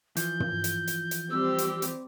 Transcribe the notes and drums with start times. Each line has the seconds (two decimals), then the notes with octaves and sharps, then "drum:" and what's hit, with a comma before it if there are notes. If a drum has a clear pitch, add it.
0.17 E3 F3 G6, drum: hi-hat
0.40 drum: tom
0.64 drum: hi-hat
0.88 drum: hi-hat
1.11 drum: hi-hat
1.31 G3 C4 G4 E6
1.58 drum: hi-hat
1.82 drum: hi-hat